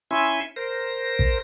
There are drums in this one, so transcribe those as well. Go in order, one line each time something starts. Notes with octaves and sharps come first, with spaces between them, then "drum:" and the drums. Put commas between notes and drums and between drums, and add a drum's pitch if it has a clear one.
C#4 E4 E5 G#5 C6
A#4 C5 A#6
drum: kick